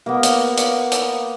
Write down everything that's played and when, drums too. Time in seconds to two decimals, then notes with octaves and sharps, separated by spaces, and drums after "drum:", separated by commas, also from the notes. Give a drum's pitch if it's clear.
0.06 A#3 B3
0.23 drum: hi-hat
0.58 drum: hi-hat
0.92 drum: hi-hat